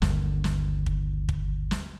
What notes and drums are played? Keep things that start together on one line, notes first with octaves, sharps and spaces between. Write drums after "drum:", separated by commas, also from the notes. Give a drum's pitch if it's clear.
G1 D#2 D3, drum: snare
drum: snare
drum: kick
drum: kick
drum: snare